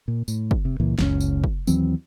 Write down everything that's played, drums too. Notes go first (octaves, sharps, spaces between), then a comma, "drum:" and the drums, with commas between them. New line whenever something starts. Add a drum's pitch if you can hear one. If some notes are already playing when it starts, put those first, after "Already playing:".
A#2
A2, drum: tambourine
drum: kick
C3
C#2 A#2 E3
F#1 C#2 A#2 C#4, drum: snare
drum: tambourine
drum: kick
D#2 E3 F#3 C4, drum: tambourine